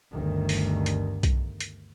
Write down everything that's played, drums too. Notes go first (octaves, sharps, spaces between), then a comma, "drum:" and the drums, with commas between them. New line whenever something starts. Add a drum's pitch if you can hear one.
G1 D2 D#3
drum: open hi-hat
drum: hi-hat
drum: kick B1, hi-hat
drum: hi-hat